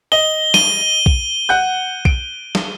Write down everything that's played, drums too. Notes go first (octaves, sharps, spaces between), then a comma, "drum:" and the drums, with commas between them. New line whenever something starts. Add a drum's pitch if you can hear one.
D#5 G7
D#7 G7, drum: snare
drum: kick B1
F#5 F#6 G6
D7, drum: kick B1
drum: snare